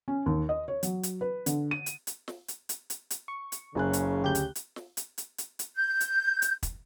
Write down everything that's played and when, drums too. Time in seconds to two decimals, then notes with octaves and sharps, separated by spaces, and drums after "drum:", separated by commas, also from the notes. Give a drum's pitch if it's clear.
0.08 C#4
0.26 D#2
0.49 D#5
0.68 C#5
0.83 F#3, drum: hi-hat
1.03 drum: hi-hat
1.21 B4
1.46 D3, drum: hi-hat
1.71 D#7
1.86 drum: hi-hat
2.07 drum: hi-hat
2.28 drum: snare
2.48 drum: hi-hat
2.69 drum: hi-hat
2.90 drum: hi-hat
3.10 drum: hi-hat
3.28 C#6
3.52 drum: hi-hat
3.75 F#1 C#3 G#5 F#6
3.93 drum: hi-hat
4.22 D2 G4 G6
4.35 drum: hi-hat
4.55 drum: hi-hat
4.76 drum: snare
4.97 drum: hi-hat
5.18 drum: hi-hat
5.38 drum: hi-hat
5.59 drum: hi-hat
5.76 G6
6.00 drum: hi-hat
6.42 drum: hi-hat
6.63 drum: kick, hi-hat